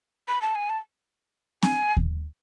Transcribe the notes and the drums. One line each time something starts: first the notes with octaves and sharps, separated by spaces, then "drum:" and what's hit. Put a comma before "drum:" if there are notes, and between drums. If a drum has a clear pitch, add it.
B5
A5
G#5
A5
G#5, drum: snare C4
drum: kick D#2